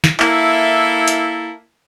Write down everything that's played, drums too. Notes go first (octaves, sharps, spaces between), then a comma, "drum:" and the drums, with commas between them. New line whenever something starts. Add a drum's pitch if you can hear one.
drum: snare
A#3 E4 A4, drum: clap
drum: hi-hat